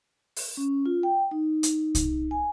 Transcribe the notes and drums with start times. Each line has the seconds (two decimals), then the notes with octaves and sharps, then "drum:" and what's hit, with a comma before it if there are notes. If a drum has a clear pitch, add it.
0.36 drum: open hi-hat
0.57 C#4
0.86 F4
1.03 G5
1.31 D#4
1.63 drum: hi-hat
1.95 drum: kick C2, hi-hat
2.31 G#5